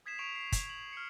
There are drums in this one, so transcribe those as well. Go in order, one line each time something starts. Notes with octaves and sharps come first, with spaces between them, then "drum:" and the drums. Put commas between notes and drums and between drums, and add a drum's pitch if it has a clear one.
D#6 G#6 B6 C7 E7
C#6 D7 F7
C7
C#6, drum: kick, hi-hat
F#7
F6 C#7